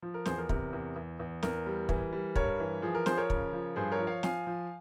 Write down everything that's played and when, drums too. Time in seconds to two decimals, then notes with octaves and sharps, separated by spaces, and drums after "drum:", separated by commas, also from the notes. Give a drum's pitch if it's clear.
0.03 F3
0.14 A#4
0.26 E2 G#4 C5, drum: snare
0.38 A#4
0.49 C3 A#4, drum: kick
0.73 E2
0.96 E2
1.19 E2
1.43 E2 A#4, drum: snare
1.66 G3
1.89 E3, drum: kick
2.13 G3
2.36 G2 A#4 C#5, drum: kick
2.60 E3
2.82 F3 G#4
2.95 A#4
3.06 F3 G#4 C5, drum: snare
3.17 A#4 C#5
3.30 C#3, drum: kick
3.53 F3
3.76 G2 G#4 C5
3.92 A#4 C#5
3.99 F3
4.07 C#5 F5
4.23 F3 F5 G#5, drum: snare
4.47 F3